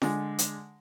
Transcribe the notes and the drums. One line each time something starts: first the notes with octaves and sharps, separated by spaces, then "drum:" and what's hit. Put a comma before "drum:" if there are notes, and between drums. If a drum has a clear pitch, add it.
D3 G#3, drum: snare
drum: hi-hat